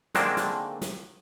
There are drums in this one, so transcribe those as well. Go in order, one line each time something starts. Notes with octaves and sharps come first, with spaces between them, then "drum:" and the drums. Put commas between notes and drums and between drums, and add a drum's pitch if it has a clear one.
D3 D#3 G#3 A#3 C4 D4, drum: snare
drum: snare
drum: snare